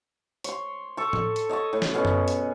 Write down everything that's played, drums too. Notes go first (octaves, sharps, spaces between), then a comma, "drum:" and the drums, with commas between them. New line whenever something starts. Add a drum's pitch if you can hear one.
C#5 C6, drum: hi-hat
A4 C#6
drum: tom A2
drum: hi-hat
C#5 D#5 A5 C#6
A2
drum: snare
B2 C#4 G#4
drum: tom F#2
drum: hi-hat